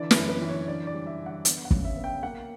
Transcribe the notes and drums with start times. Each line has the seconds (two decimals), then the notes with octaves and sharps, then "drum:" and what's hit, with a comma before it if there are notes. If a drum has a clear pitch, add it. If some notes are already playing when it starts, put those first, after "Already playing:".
Already playing: D3 E3 D5
0.11 B4, drum: snare
0.16 F#2
0.29 B4
0.42 E3
0.49 C#5
0.68 D3 D5
0.87 D5
0.94 G3
1.07 E5
1.19 D3
1.26 F#5
1.45 B3, drum: hi-hat
1.65 F#5
1.71 C#3, drum: kick
1.85 E5
1.97 B3
2.04 G5
2.23 A#3 F#5